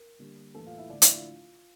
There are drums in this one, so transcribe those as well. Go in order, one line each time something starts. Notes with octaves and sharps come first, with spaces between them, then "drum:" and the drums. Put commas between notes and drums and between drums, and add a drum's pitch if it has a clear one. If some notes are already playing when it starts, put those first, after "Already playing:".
Already playing: A#4
D3 G3 A#3
A2 E3 A3 A#3 A4
F4 F5
E4 E5
D3 F3 A3 D4 D5
E4 E5, drum: hi-hat
F4 F5